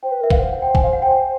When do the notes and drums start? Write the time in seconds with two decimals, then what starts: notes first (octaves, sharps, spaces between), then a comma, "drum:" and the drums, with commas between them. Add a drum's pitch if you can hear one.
0.03 C5 G5
0.11 B4
0.21 A#4 E5
0.30 B4 F5, drum: kick A#1
0.39 C5 F#5
0.52 F#5
0.62 G5
0.75 G#5, drum: kick A#1
0.84 F5
0.93 F#5
1.02 G5
1.11 G#5